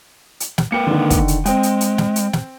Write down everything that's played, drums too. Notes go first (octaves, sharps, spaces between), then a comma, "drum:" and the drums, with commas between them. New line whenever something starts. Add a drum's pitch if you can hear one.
drum: hi-hat
drum: snare
A#3 A#4 B4 G5 C#7
D3 D#3
drum: kick, hi-hat
drum: hi-hat
G#3 C4 G5, drum: hi-hat
drum: hi-hat
drum: hi-hat
drum: snare
drum: hi-hat
drum: snare